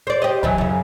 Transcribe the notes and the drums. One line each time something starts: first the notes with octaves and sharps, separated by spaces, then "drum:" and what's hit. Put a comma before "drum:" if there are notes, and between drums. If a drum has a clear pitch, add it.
C5 D5
G4 D#5
B2 E3 F#3, drum: kick
F#2 C#3